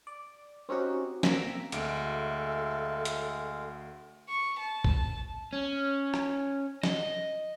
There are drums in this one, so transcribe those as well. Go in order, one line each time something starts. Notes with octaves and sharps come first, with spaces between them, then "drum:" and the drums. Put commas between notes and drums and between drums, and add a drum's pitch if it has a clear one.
D5
C4 C#4 D#4 F#4 G4
A#3 C4 A#5 D6 E6 B6, drum: snare
D2 G#3 A4 E5 F5 D7, drum: hi-hat
drum: hi-hat
C#6
A5
drum: kick B1
C#4
drum: rim click
D#5, drum: snare